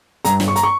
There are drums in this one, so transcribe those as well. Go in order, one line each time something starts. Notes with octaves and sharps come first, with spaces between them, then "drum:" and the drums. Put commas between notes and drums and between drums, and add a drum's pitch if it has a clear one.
G2 A#5, drum: hi-hat
G1, drum: snare
C#6
A#5, drum: hi-hat
C#6